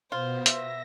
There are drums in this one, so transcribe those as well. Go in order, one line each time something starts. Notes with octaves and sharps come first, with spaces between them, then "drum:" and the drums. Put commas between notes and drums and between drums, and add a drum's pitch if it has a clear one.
B2 B3 F4 C5
E5 A#6, drum: hi-hat